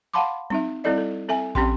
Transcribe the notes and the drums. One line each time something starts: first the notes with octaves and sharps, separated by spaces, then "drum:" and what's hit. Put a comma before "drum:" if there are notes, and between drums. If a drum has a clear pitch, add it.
F5 F#5 A5 B5 C6 D6
C4 D#4 E5, drum: tom F#3
G3 C4 E4 A4 D5 D#5
A4
C4 A4 E5 G#5
C4 C#4 G4 G5 C6, drum: kick